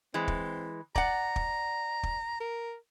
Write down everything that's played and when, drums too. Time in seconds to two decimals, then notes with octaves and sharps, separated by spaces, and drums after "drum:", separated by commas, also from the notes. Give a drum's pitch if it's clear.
0.14 E3 G#3 C4
0.28 drum: kick
0.95 D5 F#5 A#5, drum: kick
1.36 drum: kick
2.03 drum: kick
2.40 A#4